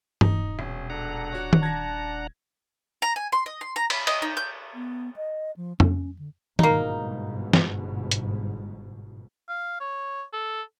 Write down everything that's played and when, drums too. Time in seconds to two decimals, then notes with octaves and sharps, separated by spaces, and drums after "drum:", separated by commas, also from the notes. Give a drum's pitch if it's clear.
0.21 D#1 D#4, drum: tom G2
0.59 E1 C#4
0.90 D4 A4 F#5 A#5
1.32 F#4 C#5
1.53 drum: tom D#3
1.63 A5 G#6 A#6
3.02 A#5
3.16 G#5
3.32 C6
3.46 D#5
3.61 C6
3.76 A#5
3.90 B5, drum: cymbal
4.07 D#5, drum: cymbal
4.22 D#4
4.37 G6
4.74 B3
5.16 D#5
5.57 F3
5.80 C#4, drum: tom F2
6.19 D3
6.59 G1 G#2 B2 A#3 D#4, drum: tom D#3
7.53 drum: snare
8.11 drum: hi-hat
9.49 F5
9.80 C#5
10.33 A4